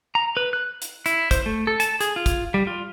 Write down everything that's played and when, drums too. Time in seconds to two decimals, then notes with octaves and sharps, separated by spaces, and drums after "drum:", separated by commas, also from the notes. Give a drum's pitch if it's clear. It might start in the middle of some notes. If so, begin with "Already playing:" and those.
0.15 A#5
0.37 B4
0.53 F#6
0.82 drum: hi-hat
1.06 E4, drum: hi-hat
1.31 C5, drum: kick, hi-hat
1.46 A3
1.67 A4
1.80 A5, drum: hi-hat
2.01 G#4, drum: hi-hat
2.16 F4
2.26 drum: kick, hi-hat
2.54 G3
2.67 F4